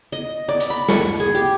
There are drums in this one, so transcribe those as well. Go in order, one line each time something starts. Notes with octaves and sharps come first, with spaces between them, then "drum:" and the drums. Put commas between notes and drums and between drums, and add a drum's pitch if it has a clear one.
D#5
D5
drum: hi-hat
B5
C#6, drum: snare
G#4
G4